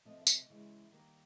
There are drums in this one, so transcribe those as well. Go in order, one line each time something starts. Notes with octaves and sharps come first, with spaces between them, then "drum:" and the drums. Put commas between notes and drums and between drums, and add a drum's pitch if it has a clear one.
C3 F3 A3 D#5
E5
D#5, drum: tambourine
C#3 E3 G#3
D#3 G3 A#3